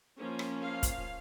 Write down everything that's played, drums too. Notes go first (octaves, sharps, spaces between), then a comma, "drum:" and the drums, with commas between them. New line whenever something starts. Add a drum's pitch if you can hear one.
F3 A#3 C#4
drum: rim click
F5
drum: kick, hi-hat